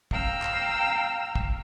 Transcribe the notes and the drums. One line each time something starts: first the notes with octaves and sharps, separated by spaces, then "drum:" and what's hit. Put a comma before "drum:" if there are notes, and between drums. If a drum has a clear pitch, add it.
F5 G5 A#5 E6 F6, drum: kick
drum: clap
drum: kick